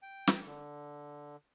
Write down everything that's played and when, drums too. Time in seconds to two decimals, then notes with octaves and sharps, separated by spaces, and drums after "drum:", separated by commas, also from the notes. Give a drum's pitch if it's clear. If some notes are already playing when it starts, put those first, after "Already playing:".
0.02 G5
0.27 drum: snare
0.46 D3